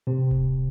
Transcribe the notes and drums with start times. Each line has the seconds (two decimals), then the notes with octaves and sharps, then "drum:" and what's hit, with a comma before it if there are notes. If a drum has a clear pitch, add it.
0.07 C3 C4
0.31 drum: kick D1